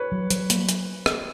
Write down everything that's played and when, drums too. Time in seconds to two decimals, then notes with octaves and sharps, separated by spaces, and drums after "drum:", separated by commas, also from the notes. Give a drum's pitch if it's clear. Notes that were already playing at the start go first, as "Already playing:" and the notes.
Already playing: B4 C#5
0.12 F#3
0.30 F#3, drum: hi-hat
0.50 A#3, drum: hi-hat
0.69 drum: hi-hat
1.06 drum: rim click